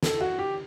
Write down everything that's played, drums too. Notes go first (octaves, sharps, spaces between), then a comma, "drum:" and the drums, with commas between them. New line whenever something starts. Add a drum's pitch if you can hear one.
A4, drum: snare
F#4
G4